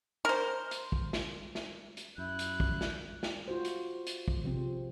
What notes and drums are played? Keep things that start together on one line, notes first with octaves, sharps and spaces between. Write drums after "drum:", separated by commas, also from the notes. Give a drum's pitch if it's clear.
A#4 C5
drum: hi-hat
drum: kick
drum: snare
drum: snare
drum: hi-hat
F#2 E4 F#6 G6
drum: hi-hat
drum: kick
drum: snare
drum: snare
F4 F#4 C5
drum: hi-hat
drum: hi-hat
drum: kick
C3 F3 C4